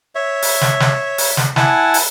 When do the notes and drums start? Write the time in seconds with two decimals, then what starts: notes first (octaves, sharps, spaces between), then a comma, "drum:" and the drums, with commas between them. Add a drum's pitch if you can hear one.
0.15 C#5 E5
0.42 drum: open hi-hat
0.61 drum: snare
0.80 drum: snare
1.18 drum: open hi-hat
1.37 drum: snare
1.56 E4 F#5 G#5 A5, drum: snare
1.94 drum: open hi-hat